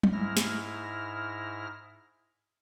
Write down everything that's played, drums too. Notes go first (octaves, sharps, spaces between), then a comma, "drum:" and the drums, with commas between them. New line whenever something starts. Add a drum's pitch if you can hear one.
drum: tom
G#2 E4 F6 A#6
drum: snare